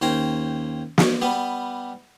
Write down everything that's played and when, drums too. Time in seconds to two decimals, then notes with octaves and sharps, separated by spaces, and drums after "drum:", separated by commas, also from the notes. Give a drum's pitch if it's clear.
0.02 D#2 C#4 C5 G5 A#5
0.98 drum: snare
1.22 G3 B3 B4